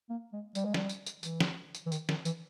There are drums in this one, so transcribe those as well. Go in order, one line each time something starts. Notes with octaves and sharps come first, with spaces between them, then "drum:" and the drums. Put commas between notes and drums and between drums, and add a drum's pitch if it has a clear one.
A#3
G#3
G3, drum: tambourine
G#3
G3, drum: snare
drum: tambourine
drum: tambourine
E3, drum: tambourine
drum: snare
drum: tambourine
E3
D#3, drum: tambourine
D#3, drum: snare
E3, drum: tambourine